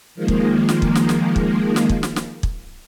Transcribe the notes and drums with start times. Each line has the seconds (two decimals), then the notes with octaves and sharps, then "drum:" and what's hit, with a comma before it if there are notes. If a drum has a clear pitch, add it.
0.15 D#3 F3 G#3 A#3
0.28 drum: kick
0.69 drum: snare
0.82 drum: kick
0.95 drum: snare
1.09 drum: snare
1.36 drum: kick
1.76 drum: snare
1.89 drum: kick
2.03 drum: snare
2.16 drum: snare
2.43 drum: kick